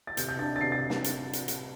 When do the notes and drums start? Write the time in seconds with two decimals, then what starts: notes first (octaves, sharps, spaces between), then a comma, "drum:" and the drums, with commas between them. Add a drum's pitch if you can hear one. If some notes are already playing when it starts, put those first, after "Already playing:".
0.07 A6
0.17 C3 G6, drum: hi-hat
0.28 G6
0.39 D4 A6
0.56 A6
0.61 C3 C7
0.72 A6
0.90 drum: snare
1.04 drum: hi-hat
1.33 drum: hi-hat
1.48 drum: hi-hat